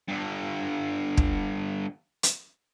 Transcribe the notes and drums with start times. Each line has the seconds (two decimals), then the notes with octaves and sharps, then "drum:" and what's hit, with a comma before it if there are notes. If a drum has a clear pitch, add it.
0.08 G2 D3
1.17 drum: kick
2.23 drum: hi-hat